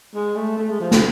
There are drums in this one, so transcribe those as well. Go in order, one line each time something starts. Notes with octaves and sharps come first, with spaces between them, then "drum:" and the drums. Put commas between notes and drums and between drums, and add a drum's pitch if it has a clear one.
G#3
A3
A3
G#3
F3
D3, drum: snare